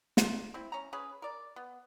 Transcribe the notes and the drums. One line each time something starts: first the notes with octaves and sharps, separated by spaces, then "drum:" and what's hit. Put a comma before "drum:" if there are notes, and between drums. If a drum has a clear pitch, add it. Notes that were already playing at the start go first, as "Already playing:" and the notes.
F4, drum: snare
C4 E4
C#4 A#5
C#4 G#4 B4
A#4 D5
B3